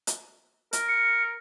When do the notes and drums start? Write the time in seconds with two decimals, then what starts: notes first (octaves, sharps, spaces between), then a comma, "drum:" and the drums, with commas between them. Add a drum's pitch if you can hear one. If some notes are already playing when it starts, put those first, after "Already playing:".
0.07 drum: hi-hat
0.73 A#4, drum: hi-hat
0.89 C#7